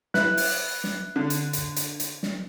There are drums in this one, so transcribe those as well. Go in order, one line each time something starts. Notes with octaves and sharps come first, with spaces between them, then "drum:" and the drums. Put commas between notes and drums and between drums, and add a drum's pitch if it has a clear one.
E4 B4 E5 F#6, drum: snare
drum: open hi-hat
drum: snare
D3
drum: hi-hat
drum: hi-hat
drum: hi-hat
drum: hi-hat
drum: snare